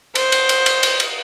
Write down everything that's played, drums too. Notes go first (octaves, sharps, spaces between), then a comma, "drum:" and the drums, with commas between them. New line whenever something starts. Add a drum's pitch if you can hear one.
C5, drum: cymbal
drum: cymbal
drum: cymbal
drum: cymbal
drum: cymbal
drum: cymbal